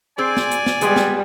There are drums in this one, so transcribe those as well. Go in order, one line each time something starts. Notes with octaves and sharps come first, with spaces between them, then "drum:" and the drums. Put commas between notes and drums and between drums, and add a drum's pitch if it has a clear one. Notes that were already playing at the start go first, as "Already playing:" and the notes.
C4 G#4 C5 D5 G#5
drum: snare
drum: hi-hat
drum: snare
G3 G#3 B3 G#4, drum: hi-hat
drum: snare